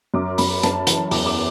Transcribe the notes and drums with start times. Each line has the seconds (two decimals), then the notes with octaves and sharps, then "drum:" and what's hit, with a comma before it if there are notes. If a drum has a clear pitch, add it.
0.14 F#2 D6
0.38 F#2 B5, drum: open hi-hat
0.63 F#2 A5, drum: hi-hat
0.87 E3, drum: hi-hat
1.11 E2 D6, drum: open hi-hat
1.26 D6